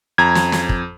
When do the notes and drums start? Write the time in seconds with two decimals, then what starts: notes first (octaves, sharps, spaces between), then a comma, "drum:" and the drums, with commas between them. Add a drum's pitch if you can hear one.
0.18 F2 A#5 G#6
0.35 drum: snare
0.52 drum: snare
0.69 drum: kick